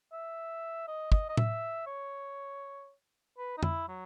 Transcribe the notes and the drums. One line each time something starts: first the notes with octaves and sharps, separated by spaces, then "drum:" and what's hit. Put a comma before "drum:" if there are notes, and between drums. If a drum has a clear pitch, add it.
E5
D#5
D#5, drum: kick
D#5
E5, drum: tom A2
C#5
B4
D#4
E4, drum: tom F2
F#3